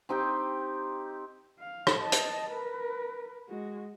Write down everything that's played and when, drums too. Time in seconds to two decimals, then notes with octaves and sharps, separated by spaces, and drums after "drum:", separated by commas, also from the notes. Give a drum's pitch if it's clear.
0.09 C4 D#4 G4 G5
1.60 F5
1.87 drum: rim click
2.00 D#5 A5
2.12 drum: hi-hat
2.50 A#4 B4
3.49 G#3 F#4